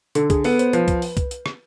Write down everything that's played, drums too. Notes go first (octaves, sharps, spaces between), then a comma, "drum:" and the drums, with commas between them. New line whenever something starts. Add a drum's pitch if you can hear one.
D3 A4, drum: hi-hat
G#4, drum: kick C2, hi-hat
B3 A4, drum: open hi-hat
C5, drum: hi-hat
F3 B4, drum: hi-hat
drum: kick C2, hi-hat
drum: open hi-hat
drum: kick C2, hi-hat
drum: hi-hat
drum: rim click